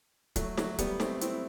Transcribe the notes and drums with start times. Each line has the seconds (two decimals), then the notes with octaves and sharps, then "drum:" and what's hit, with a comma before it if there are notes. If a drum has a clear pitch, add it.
0.36 F#3 A3, drum: kick, hi-hat
0.58 F#3 A3, drum: snare
0.78 G3 B3, drum: kick, hi-hat
1.00 A3 C4, drum: snare
1.21 C4 E4, drum: hi-hat